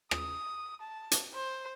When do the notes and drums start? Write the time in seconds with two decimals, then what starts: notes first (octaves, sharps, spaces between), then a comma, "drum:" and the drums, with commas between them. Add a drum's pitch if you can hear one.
0.11 D#6, drum: rim click
0.81 A5
1.11 drum: hi-hat
1.34 C5